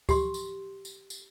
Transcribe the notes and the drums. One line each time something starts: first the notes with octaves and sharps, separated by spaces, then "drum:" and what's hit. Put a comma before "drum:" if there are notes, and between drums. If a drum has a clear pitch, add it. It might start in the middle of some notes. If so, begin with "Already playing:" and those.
G4 C6, drum: kick C#2, tambourine
drum: tambourine
drum: tambourine
drum: tambourine